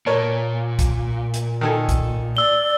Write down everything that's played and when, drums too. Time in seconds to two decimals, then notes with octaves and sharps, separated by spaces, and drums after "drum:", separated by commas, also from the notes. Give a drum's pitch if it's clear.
0.06 A#2 A#4 C#5 A5
0.79 drum: kick, hi-hat
1.34 drum: hi-hat
1.61 D#3 A4 G#5
1.89 drum: kick, hi-hat
2.37 D5 E6 G7